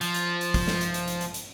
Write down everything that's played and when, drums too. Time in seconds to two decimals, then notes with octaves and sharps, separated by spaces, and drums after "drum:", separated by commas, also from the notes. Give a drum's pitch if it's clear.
0.01 F3, drum: hi-hat
0.14 drum: hi-hat
0.41 drum: hi-hat
0.54 drum: kick, open hi-hat
0.68 drum: snare
0.81 drum: hi-hat
0.94 drum: hi-hat
1.08 drum: hi-hat
1.21 drum: hi-hat
1.34 drum: hi-hat